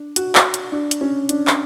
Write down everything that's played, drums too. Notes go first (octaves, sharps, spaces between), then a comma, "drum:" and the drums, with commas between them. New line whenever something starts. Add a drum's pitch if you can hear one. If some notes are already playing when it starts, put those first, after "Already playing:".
Already playing: D4
F#4, drum: hi-hat
drum: clap
drum: hi-hat
D4
drum: hi-hat
C#4
D4, drum: hi-hat
drum: clap